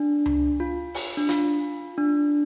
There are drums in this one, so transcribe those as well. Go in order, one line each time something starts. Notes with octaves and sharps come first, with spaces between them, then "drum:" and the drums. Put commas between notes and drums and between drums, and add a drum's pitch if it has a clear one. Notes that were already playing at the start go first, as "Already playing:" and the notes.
Already playing: D4
drum: tom C#2
F4
drum: open hi-hat
D4
F4, drum: hi-hat
D4